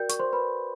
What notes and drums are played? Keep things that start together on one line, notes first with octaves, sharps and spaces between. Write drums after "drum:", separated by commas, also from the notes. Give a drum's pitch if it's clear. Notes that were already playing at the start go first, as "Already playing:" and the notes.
Already playing: F#4 A#4 D5 G5 G6
C#6, drum: hi-hat
C5 C6
B4 B5